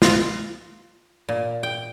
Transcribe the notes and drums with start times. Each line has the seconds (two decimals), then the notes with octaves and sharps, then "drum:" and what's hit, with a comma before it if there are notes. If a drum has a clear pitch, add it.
0.02 F4, drum: snare
1.29 A#2
1.63 G5